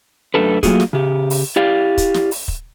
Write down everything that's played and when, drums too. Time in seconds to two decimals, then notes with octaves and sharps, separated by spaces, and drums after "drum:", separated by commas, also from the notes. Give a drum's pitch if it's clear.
0.34 F#2 A#2 A3 D4 A4 B4
0.63 F#3 A3 A#3 F4 F#4 G#4, drum: kick, hi-hat
0.80 drum: snare
0.93 C#3 G4
1.30 drum: open hi-hat
1.56 E4 G4 D5 F5
1.98 drum: kick, hi-hat
2.14 drum: snare
2.31 drum: open hi-hat
2.48 drum: kick